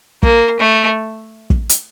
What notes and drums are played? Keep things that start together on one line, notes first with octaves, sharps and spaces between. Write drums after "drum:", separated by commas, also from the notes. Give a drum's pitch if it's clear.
A#3, drum: kick
A3
drum: kick
drum: hi-hat